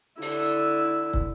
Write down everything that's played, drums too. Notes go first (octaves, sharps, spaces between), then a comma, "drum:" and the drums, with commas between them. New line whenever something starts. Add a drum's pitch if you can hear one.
D3 E4, drum: open hi-hat
drum: kick